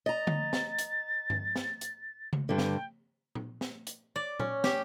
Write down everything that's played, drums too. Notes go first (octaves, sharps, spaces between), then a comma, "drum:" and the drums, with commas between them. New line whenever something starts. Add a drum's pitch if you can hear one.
D#5 A#5 A6
drum: tom D3
drum: snare
drum: hi-hat
drum: tom G2
drum: snare
drum: hi-hat
drum: tom C#3
G2 D3 G5
drum: snare
drum: tom A#2
drum: snare
drum: hi-hat
D5
C#4, drum: tom A#2
G4, drum: snare